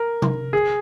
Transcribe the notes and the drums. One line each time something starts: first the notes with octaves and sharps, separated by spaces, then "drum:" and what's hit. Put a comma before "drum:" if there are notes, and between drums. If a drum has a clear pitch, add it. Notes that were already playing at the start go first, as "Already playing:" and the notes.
Already playing: A#4
drum: tom C3
G#4